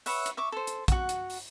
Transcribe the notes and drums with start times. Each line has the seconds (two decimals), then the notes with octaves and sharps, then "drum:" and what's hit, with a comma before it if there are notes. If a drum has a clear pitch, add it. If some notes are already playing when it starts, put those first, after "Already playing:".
0.06 B4 C#5 E5 F#5, drum: open hi-hat
0.26 drum: hi-hat
0.37 E5 C#6 D6
0.52 A4 C5
0.67 drum: hi-hat
0.88 F#4 F#5, drum: kick, hi-hat
1.09 drum: hi-hat
1.30 drum: open hi-hat